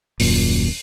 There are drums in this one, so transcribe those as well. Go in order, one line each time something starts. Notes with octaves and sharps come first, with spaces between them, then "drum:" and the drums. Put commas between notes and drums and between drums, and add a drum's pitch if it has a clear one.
D#1 F#2 A#2, drum: open hi-hat